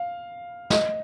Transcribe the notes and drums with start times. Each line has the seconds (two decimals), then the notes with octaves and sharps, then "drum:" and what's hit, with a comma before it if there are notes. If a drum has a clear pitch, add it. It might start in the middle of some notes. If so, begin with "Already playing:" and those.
Already playing: F5
0.70 D#5, drum: snare